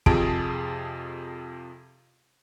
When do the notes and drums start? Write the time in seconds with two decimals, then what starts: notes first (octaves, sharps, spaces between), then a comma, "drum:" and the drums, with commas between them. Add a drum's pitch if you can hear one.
0.06 F2 C3 F4 G#4 A5 D7, drum: kick